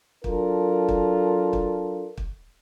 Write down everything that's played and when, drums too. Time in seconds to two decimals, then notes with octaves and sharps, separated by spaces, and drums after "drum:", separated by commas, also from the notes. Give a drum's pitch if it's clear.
0.24 F#3 D4 F4 A4 A#4, drum: kick
0.89 drum: kick
1.53 drum: kick
2.17 drum: kick